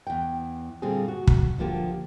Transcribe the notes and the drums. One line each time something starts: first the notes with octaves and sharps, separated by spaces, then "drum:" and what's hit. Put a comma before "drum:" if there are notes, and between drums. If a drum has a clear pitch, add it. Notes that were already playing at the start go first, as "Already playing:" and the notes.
E2 G5
A#2 D3 G3 C4 G#4
F#4
drum: kick
D3 F3 A#3 G4